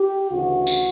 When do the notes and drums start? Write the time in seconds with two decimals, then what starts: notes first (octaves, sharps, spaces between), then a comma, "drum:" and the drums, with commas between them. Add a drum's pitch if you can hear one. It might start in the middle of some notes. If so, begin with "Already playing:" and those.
Already playing: G4
0.30 D2 C#3 E3 F#4
0.67 drum: tambourine